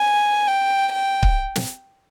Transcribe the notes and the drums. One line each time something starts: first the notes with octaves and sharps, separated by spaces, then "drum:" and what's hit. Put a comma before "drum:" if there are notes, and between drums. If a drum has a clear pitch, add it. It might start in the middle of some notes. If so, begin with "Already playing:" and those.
Already playing: G#5
G5
G5
drum: kick C#1
drum: snare